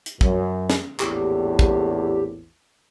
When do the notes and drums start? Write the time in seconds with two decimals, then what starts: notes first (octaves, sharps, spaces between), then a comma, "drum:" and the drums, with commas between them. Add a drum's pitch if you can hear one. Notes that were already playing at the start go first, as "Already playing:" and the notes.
0.06 drum: hi-hat
0.21 F#2, drum: kick
0.70 drum: snare
1.00 A#1 E2 A2 G4, drum: clap
1.59 drum: kick